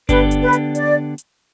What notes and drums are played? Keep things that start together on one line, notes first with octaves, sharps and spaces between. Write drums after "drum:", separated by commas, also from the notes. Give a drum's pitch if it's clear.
D3 B3 D4 G4 B4, drum: kick G1, hi-hat
drum: hi-hat
B4
drum: hi-hat
D5, drum: hi-hat
drum: hi-hat